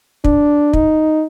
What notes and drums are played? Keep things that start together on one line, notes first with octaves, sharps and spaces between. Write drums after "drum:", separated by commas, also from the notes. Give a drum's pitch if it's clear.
D4, drum: kick
D#4, drum: kick